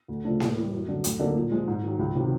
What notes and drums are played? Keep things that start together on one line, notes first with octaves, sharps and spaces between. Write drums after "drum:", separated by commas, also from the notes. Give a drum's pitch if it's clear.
D2
C#3 F3 A3 D4
A2, drum: snare A#3
E3 G3
F#2
D3 F#3
D2, drum: hi-hat
D3 F#3 A#3 D#4
A#2
F3 G#3
G#2
D#3 F#3
C#2
C3 D#3 F#3